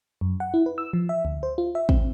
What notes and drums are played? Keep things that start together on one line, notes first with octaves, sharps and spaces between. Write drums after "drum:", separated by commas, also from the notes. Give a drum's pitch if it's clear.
F#2
F#5
E4
B4
E6
F3
E5
D2
C5
F4
E5
C4, drum: kick